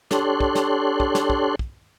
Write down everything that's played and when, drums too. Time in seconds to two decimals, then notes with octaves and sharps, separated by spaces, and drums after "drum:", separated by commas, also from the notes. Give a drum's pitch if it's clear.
0.11 D4 G4 A4 C#5 C6 F#6, drum: snare
0.40 drum: kick
0.55 drum: snare
1.00 drum: kick
1.15 drum: snare
1.30 drum: kick
1.59 drum: kick